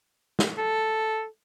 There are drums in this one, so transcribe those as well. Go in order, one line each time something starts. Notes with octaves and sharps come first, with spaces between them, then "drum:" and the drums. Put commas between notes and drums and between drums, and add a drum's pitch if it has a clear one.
drum: snare
A4